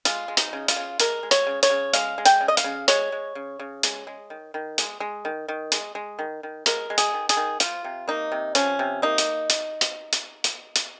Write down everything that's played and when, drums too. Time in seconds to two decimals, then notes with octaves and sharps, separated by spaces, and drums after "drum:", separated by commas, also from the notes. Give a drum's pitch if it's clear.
0.05 G#3 F4, drum: hi-hat
0.28 G#3
0.37 D#4, drum: hi-hat
0.53 C#3
0.68 F4, drum: hi-hat
0.76 C#3
1.00 G#3 A#4, drum: hi-hat
1.23 G#3
1.31 C#5, drum: hi-hat
1.47 C#3
1.63 C#5, drum: hi-hat
1.70 C#3
1.93 G#3 F5, drum: hi-hat
2.18 G#3
2.25 G5, drum: hi-hat
2.41 C#3
2.48 D#5
2.57 F5, drum: hi-hat
2.64 C#3
2.88 G#3 C#5, drum: hi-hat
3.12 G#3
3.35 C#3
3.59 C#3
3.83 G#3, drum: hi-hat
4.07 G#3
4.30 D#3
4.54 D#3
4.78 G#3, drum: hi-hat
5.00 G#3
5.25 D#3
5.48 D#3
5.72 G#3, drum: hi-hat
5.95 G#3
6.19 D#3
6.43 D#3
6.66 G#3 A#4, drum: hi-hat
6.90 G#3
6.98 G#4, drum: hi-hat
7.14 D#3
7.29 G#4, drum: hi-hat
7.37 D#3
7.60 F3 F4, drum: hi-hat
7.84 C3
8.08 A#3 D#4
8.32 C3
8.55 F3 C#4, drum: hi-hat
8.79 C3
9.02 A#3 D#4
9.18 drum: hi-hat
9.50 drum: hi-hat
9.81 drum: hi-hat
10.13 drum: hi-hat
10.44 drum: hi-hat
10.76 drum: hi-hat